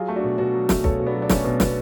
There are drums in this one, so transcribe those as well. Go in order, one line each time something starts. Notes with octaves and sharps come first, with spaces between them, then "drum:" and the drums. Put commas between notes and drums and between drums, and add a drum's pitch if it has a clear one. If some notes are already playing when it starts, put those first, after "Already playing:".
Already playing: F#3 F4 G#4
A3
D4 F#4
B2
B2 D4 F#4
F#3
A3, drum: snare
B2 A4 C#5, drum: kick
B2
B3 D4
F#3
D4
A3 C#4, drum: snare
B2
B2, drum: snare